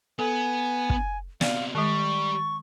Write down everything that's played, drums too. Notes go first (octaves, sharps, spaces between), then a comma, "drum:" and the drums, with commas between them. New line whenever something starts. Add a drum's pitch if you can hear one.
B3 A4 G#5
drum: kick
C3 B3 D5 F5, drum: snare
D#3 G3 G#3 C#6